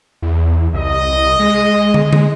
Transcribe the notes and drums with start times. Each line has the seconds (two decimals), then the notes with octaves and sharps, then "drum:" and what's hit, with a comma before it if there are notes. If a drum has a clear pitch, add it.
0.22 E2
0.74 C2 D#5
1.40 G#3
1.94 drum: tom
2.13 drum: tom